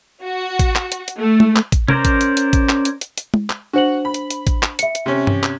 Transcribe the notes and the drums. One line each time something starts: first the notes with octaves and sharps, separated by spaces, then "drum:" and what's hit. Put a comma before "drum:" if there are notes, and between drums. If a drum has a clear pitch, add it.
F#4
drum: kick A1, hi-hat
drum: clap
drum: hi-hat
drum: hi-hat
A3
drum: tom G#3
drum: clap
drum: kick A1, hi-hat
C#4 A#4 C5 D5 A#5, drum: tom C3
drum: kick A1, hi-hat
drum: hi-hat
drum: hi-hat
drum: kick A1, hi-hat
drum: clap
drum: hi-hat
drum: hi-hat
drum: hi-hat
drum: tom G#3
drum: clap
D4 F#4 C5 F#5 F#7
B5
drum: hi-hat
drum: hi-hat
drum: kick A1, hi-hat
drum: clap
E5 C#7, drum: hi-hat
drum: hi-hat
C3 C#4
drum: tom G2
drum: clap